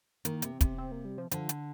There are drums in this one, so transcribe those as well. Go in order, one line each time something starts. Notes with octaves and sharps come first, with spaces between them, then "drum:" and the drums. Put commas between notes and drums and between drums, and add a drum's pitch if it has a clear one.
D#3 A#3, drum: hi-hat
C3, drum: hi-hat
C4
C3, drum: kick, hi-hat
C4
A#3
G3
F3
D3 F3, drum: hi-hat
drum: hi-hat